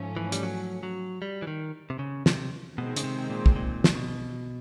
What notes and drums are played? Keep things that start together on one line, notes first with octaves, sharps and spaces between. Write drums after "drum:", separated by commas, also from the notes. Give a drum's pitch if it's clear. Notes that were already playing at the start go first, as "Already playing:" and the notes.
Already playing: G#2 F3 A3 C#4
E3
G3, drum: hi-hat
F#3
F#3
G3
E3
D#3
C3
C#3
C3, drum: snare
B2 D#3 G#3 C4
C#3, drum: hi-hat
C3
A#2
drum: kick
A#2
drum: snare
B2